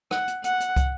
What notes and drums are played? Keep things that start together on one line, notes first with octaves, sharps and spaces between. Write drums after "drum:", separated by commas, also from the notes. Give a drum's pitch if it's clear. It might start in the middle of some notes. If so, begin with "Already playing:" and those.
F#5, drum: rim click
drum: hi-hat
F#5, drum: hi-hat
drum: hi-hat
drum: kick, hi-hat